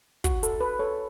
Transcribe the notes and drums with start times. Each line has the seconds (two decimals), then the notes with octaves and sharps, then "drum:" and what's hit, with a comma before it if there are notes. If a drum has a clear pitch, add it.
0.24 F#4, drum: kick, hi-hat
0.43 A4, drum: hi-hat
0.61 B4
0.79 A4 C#5